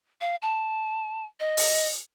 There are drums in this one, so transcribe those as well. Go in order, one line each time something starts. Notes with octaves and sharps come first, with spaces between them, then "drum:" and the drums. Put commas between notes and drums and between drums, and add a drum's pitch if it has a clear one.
F5
A5
D#5
drum: open hi-hat